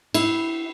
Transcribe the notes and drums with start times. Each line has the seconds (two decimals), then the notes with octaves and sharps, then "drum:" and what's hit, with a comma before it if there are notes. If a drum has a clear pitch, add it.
0.14 E4, drum: cymbal